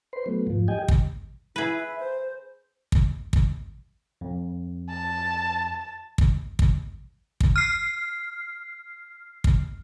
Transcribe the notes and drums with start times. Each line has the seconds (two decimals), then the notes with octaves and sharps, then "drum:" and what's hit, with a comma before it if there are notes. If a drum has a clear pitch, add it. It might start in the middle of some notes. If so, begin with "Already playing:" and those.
0.13 B4 C5 C6
0.26 F#3 A3 B3
0.47 F2 G#2 F3
0.68 G4 D#5 G5 G#5
0.88 drum: kick
1.56 E4 G#4 B4
1.79 E5
1.99 C5
2.92 drum: kick
3.33 drum: kick
4.21 F2
4.90 A5
6.18 drum: kick
6.59 drum: kick
7.41 drum: kick
7.56 F6 C7
9.44 drum: kick